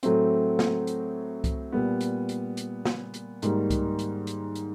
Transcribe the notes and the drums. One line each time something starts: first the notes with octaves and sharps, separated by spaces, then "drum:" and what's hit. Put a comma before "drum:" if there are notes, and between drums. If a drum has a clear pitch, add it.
A2 F#3 A3 C4, drum: hi-hat
drum: snare
drum: hi-hat
drum: kick C2, hi-hat
A#2 G3 B3
drum: hi-hat
drum: hi-hat
drum: hi-hat
drum: snare
drum: hi-hat
G#2 D#3 G3 A#3, drum: hi-hat
drum: kick C2, hi-hat
drum: hi-hat
drum: hi-hat
drum: hi-hat